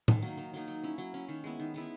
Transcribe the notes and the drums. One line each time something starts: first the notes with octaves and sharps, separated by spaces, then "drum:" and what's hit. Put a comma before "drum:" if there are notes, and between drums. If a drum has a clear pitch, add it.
D#3, drum: tom A2
F#3 A#3 D#4
D#3
F#3 A#3 D#4
F#3
C#4 E4
F#3
C#4 E4
D#3
G#3 B3 E4
D#3
G#3 B3 E4